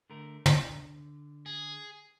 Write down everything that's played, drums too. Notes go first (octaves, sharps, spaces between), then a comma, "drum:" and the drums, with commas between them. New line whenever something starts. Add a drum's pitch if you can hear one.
D3 A3 A#4
D3, drum: tom
G#4